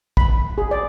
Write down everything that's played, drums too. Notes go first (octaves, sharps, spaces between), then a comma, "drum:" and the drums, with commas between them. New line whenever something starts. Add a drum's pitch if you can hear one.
B5, drum: kick
G#4
D5